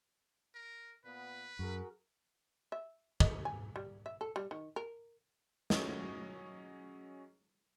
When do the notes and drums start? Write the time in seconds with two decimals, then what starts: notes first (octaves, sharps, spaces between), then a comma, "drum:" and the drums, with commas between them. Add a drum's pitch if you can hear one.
0.55 A#4
1.05 A#2 B3 B4
1.59 F#2 F#4 G#4 A#4
2.72 E5
3.20 D#5, drum: kick
3.45 G#5
3.76 G3
4.06 E5
4.21 A4
4.36 G3
4.51 D#3
4.76 A#4
5.70 F#3 C#4 G#4 C#5 D#5, drum: snare